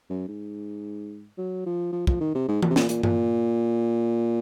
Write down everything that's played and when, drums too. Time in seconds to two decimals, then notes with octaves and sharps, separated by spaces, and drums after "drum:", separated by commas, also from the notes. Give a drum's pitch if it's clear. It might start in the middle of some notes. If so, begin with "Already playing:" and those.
0.10 F#2
0.28 G#2
1.38 F#3
1.66 F3
1.92 F3
2.07 F3, drum: kick
2.20 D#3
2.35 C3
2.48 G#2
2.62 A#2, drum: tom E3
2.70 C3
2.76 A#2, drum: snare
2.89 A#2, drum: hi-hat
3.03 A#2, drum: tom G2